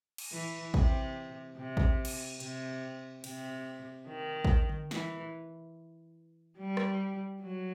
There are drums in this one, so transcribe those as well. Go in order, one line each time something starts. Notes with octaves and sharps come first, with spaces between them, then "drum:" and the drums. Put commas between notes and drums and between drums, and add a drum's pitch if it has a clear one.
drum: cymbal
E3
C3, drum: kick A1
C3
drum: kick A1
drum: cymbal
C3, drum: hi-hat
C3, drum: cymbal
D#3
drum: kick A1
drum: tom D3
E3, drum: snare
G3
drum: rim click
F#3